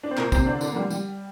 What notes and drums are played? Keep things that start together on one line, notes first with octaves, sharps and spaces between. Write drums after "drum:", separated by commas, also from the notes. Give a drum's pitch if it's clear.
D4
C4
A#2 A#3, drum: clap
C3 C4, drum: kick, tambourine
D3 D4
D3 D4, drum: tambourine
A#3
G3
G3, drum: tambourine